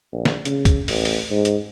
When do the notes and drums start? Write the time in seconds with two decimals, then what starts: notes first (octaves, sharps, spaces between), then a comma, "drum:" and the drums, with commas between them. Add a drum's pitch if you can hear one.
0.13 A#1
0.25 drum: snare
0.45 C#3, drum: hi-hat
0.65 drum: kick, hi-hat
0.88 A1, drum: open hi-hat
1.05 drum: open hi-hat
1.31 G#2
1.45 drum: hi-hat